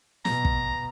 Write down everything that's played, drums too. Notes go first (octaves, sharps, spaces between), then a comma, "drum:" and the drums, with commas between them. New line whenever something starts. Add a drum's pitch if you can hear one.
B2 A#5, drum: snare
drum: kick